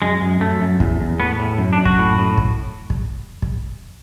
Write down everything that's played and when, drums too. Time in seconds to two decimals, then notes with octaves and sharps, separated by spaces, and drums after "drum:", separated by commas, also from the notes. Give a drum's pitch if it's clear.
0.02 F#2 G#3
0.21 F#2
0.40 F#2 A3
0.61 F#2
0.80 E2, drum: kick
1.01 E2
1.20 A2 B3
1.39 A2
1.58 F#2
1.73 D4
1.78 F#2
1.85 F#4, drum: kick
1.99 A2
2.18 A2
2.38 drum: kick
2.90 drum: kick
3.42 drum: kick